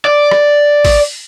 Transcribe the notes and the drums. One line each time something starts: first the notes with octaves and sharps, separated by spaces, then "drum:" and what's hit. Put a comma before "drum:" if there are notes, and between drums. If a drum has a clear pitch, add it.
D5
drum: rim click
drum: kick A1, open hi-hat